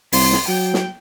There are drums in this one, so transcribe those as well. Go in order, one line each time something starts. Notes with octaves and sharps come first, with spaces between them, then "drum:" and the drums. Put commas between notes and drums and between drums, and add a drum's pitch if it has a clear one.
C2 C6, drum: open hi-hat
drum: snare
F#3 G5
drum: snare